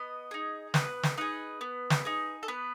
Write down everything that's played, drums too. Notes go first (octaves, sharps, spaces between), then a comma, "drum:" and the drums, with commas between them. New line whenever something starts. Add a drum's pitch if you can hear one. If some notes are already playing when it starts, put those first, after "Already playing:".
Already playing: B3 D#5
D#4 G#4
B3 B4, drum: snare
drum: snare
D#4 G#4 B4
B3
drum: snare
D#4 G#4
A4
B3 B4